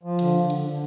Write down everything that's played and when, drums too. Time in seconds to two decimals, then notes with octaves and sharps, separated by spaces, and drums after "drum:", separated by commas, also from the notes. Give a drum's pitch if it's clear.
0.03 F3
0.19 D3, drum: cymbal
0.34 D3
0.50 D3, drum: cymbal
0.65 D3